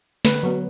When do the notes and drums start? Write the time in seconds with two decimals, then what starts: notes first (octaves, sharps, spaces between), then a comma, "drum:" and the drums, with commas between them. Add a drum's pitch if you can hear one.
0.25 D3 B4, drum: snare
0.43 F#3 B3